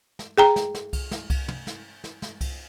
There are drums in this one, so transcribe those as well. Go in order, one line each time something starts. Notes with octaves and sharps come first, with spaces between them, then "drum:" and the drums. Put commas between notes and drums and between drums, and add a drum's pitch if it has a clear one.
drum: snare
G#4 G5 A#5
drum: snare
drum: snare
drum: kick C2, cymbal
drum: snare
drum: kick C2, cymbal
drum: tom
drum: snare
drum: snare
drum: snare
drum: kick C2, cymbal